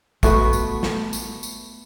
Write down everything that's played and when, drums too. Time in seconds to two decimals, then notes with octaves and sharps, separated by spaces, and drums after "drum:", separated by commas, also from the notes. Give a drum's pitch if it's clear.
0.23 A3 B3 F#4, drum: kick, tambourine
0.53 drum: tambourine
0.83 drum: snare
1.13 drum: tambourine
1.43 drum: tambourine